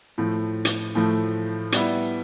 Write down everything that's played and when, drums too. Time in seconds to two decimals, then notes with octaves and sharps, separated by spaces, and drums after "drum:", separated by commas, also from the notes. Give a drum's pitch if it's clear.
0.18 A2 F3 A3
0.65 drum: hi-hat
0.95 A2 F3 A3
1.72 G3 B3 E4, drum: hi-hat